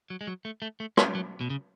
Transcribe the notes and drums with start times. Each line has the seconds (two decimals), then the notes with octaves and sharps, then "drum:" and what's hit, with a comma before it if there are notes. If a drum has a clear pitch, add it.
0.10 F#3
0.21 G#3
0.27 F#3
0.45 A3
0.62 A3
0.80 A3
0.97 G#3, drum: rim click
1.15 F#3
1.41 B2
1.50 C#3